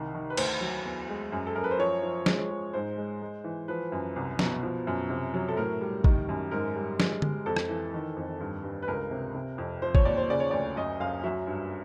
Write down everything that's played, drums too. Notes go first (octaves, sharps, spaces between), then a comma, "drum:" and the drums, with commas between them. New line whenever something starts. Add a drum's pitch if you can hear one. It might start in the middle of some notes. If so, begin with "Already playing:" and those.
Already playing: C2 D#3
D#3
B4
D2 C5, drum: cymbal
F#3
E2
G#3
F#2
A4
F#2 A#4
B4
C5
F3 C#5
F3
G#3, drum: snare
G#3
G#2 C5
G#3
G#3
E3
F3 B4
F#2
C2
B2, drum: snare
F3
F#2
C3
F#3
A4
A2 A#4
G3
D#3, drum: kick
F#2
G#2 A#4
G3
G#3, drum: snare
G#3, drum: tom D3
F2 A4
drum: rim click
E3
D#3
F2
G2
G2
B4
C#2 A#4
C3
C3
F2
F3 C5
C#5, drum: kick
D#2 D5
C5
C#3 D5
C#5
D2 D5
F#2 D#5
F#2 F5
F#3 E5
G2